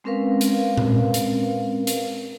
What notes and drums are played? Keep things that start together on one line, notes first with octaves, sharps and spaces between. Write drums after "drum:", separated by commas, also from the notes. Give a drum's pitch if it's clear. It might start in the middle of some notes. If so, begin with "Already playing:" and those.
G#3 C4 C#4 A#4 B4 F5
drum: hi-hat
drum: tom A#2
drum: hi-hat
drum: hi-hat